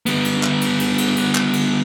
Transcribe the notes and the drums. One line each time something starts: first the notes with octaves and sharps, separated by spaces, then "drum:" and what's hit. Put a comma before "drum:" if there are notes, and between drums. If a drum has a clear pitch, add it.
G3 B3, drum: cymbal
drum: cymbal
drum: clap
drum: cymbal
drum: cymbal
drum: cymbal
drum: cymbal
drum: clap
drum: cymbal